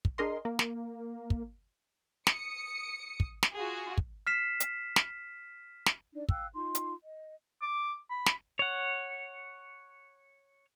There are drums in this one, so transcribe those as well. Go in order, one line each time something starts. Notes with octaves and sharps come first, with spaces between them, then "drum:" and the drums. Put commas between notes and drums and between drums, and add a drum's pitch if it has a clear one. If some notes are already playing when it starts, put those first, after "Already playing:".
drum: kick
D4 G#4 A#4 D#5 C6
A#3
drum: snare
drum: kick
D#6 C#7, drum: snare
drum: kick
drum: snare
F4 F#4 G#4
drum: kick
F6 B6 C7 E7
drum: hi-hat
drum: snare
drum: snare
D4 D#4 D5
F5 G5 E6 F#6, drum: kick
D#4 F4 C6
drum: hi-hat
D#5
D6
B5
drum: snare
C#5 F#5